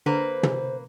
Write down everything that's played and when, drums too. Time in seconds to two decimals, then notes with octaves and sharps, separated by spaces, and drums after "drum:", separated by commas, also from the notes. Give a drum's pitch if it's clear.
0.06 D3 A#3 B4 C5
0.43 drum: tom